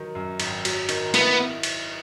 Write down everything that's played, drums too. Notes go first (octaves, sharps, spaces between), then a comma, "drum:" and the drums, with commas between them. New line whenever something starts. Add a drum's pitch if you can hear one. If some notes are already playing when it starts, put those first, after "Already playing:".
Already playing: D#3 F#3
F#2
G#1, drum: cymbal
F#3, drum: cymbal
D#3, drum: cymbal
B3 E4, drum: cymbal
drum: cymbal